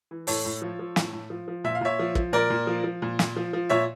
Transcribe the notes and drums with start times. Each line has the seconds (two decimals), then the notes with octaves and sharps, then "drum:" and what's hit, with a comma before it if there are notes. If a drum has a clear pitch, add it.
0.11 E3
0.27 A2 A4 C#5, drum: open hi-hat
0.45 A2
0.62 F3
0.79 F3
0.96 A2, drum: snare
1.13 A2
1.30 F3
1.48 F3
1.64 A#2 E5
1.75 F5
1.81 A#2 C#5 E5
1.99 F3
2.15 F3, drum: kick
2.33 A#2 A#4 D5
2.50 A#2
2.67 F3
2.84 F3
3.02 A#2
3.19 A#2, drum: snare
3.36 F3
3.53 F3
3.69 A#2 C#5 E5